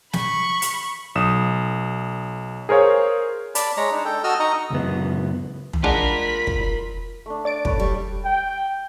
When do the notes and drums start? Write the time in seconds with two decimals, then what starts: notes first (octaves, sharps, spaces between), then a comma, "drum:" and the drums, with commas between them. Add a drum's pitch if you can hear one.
0.13 B5 C#6, drum: snare
0.62 drum: hi-hat
1.15 B1 D#6 E7
2.69 G#4 A#4 C5 C#5 F5
3.55 D5 A5 B5, drum: hi-hat
3.77 G#3 C#5 A#5
3.92 D4 D#4
4.05 A4 G5
4.24 F#4 A4 D#5 E6 F6
4.40 D#4 D#5 A#5 C#6
4.70 C#2 F#2 B3
5.73 drum: tom
5.84 G#3 D4 F4 A#4 F#5 B5 B6
6.47 drum: kick
7.26 A3 D4
7.45 D5 A6 D7
7.65 A3 B4 C#5, drum: kick
7.80 G3
8.25 G5